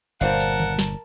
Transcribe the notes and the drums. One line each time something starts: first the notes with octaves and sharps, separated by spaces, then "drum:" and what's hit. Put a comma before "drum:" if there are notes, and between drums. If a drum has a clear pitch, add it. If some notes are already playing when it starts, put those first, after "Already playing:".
G1 A#2 A#4 C5 D5 F5 F#5 A5, drum: hi-hat
drum: hi-hat
drum: tom D3
drum: snare